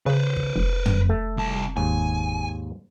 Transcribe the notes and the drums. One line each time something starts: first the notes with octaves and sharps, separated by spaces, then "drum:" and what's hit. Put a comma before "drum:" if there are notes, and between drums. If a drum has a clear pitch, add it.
C#3 B4 C5
drum: kick
F1
drum: tom
A3
C2 A5
D#2 G#2 G#5